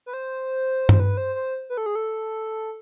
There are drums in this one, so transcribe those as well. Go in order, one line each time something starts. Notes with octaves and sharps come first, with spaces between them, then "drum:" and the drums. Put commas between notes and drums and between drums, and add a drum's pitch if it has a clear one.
B4
C5
drum: tom G2
B4
C5
C5
B4
A4
G#4
A4